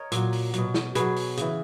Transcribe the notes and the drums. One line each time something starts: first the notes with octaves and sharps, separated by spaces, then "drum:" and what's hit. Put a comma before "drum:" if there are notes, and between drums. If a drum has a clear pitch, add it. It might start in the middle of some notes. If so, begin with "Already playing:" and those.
Already playing: A#4 C#5 D#5
A#2 F#3, drum: hi-hat
drum: open hi-hat
B2 F#3, drum: hi-hat
drum: snare
B2 F#3 G#4 B4, drum: hi-hat
drum: open hi-hat
C#3 E3, drum: hi-hat